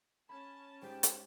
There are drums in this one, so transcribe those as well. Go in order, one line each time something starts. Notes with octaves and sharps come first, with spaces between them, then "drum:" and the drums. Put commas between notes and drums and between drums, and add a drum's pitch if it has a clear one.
C#4 A5 B5 G#6
G#2 G#3 G4 G5
drum: hi-hat